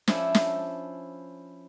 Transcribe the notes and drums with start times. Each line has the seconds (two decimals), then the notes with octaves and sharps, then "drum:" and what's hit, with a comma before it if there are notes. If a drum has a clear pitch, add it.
0.08 F3 C#4 D4 E4, drum: snare
0.35 drum: snare